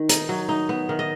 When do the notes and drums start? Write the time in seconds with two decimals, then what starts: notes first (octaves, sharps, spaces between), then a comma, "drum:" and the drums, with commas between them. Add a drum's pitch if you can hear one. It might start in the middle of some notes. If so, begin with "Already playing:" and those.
Already playing: D#3
0.09 D#4, drum: hi-hat
0.29 F#3
0.49 D#4
0.69 B3
0.89 D#3
0.99 D#5